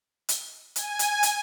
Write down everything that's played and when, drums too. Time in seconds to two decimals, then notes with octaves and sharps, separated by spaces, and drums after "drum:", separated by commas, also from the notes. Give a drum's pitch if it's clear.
0.29 drum: hi-hat
0.76 G#5, drum: hi-hat
0.99 drum: hi-hat
1.23 drum: hi-hat